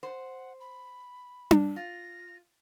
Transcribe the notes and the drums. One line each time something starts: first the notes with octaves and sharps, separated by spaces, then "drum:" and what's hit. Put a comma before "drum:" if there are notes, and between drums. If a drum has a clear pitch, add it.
C5 F#5
B5
drum: tom D4
F4 A#6